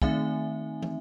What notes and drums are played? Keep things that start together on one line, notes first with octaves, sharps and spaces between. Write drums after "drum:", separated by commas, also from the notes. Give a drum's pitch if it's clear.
D#3 A3 C4 D#4 E5 G#5, drum: kick
drum: tom